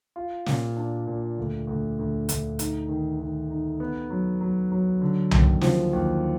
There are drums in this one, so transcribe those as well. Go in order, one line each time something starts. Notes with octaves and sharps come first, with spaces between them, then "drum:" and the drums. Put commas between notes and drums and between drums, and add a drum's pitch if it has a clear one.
F4
A#2, drum: snare
D4
A#2
D2
D2
D2
D2, drum: hi-hat
D#4, drum: hi-hat
D#3
D#3
D#4
B3
F#3
F#3
F#3
D3
D#2, drum: tom C2
F3, drum: snare
D#2